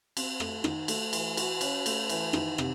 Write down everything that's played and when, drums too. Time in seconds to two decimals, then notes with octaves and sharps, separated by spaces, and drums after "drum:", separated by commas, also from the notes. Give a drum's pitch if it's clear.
0.17 C4, drum: cymbal
0.40 A3, drum: rim click
0.64 D#3, drum: rim click
0.88 A3, drum: cymbal
1.13 E3, drum: cymbal
1.37 F#4, drum: cymbal
1.61 C#4, drum: cymbal
1.86 A3, drum: cymbal
2.09 E3, drum: cymbal
2.33 D#3, drum: rim click
2.58 C3, drum: rim click